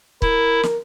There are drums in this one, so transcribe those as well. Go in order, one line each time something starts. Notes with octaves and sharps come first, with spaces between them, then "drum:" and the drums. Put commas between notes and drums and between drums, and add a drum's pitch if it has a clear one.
E4 A#4, drum: kick
drum: snare